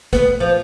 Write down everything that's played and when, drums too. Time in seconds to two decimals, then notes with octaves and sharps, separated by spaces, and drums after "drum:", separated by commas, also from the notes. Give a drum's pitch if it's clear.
0.13 B3, drum: kick, hi-hat
0.40 F3